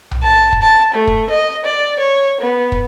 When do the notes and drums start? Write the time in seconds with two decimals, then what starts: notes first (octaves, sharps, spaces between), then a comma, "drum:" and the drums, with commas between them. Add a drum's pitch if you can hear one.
0.11 drum: tom B1
0.22 A5
0.53 drum: kick
0.62 A5
0.94 A3
1.07 drum: kick
1.30 D#5
1.65 D5
1.99 C#5
2.40 B3
2.72 drum: kick